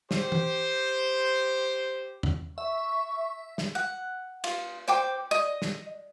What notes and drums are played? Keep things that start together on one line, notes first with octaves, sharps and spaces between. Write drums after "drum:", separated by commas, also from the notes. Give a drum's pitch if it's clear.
G4 C5, drum: snare
drum: tom
drum: tom
E5 C#6
drum: snare
F#5
F4, drum: cymbal
C5 G5 D6
D#5
drum: snare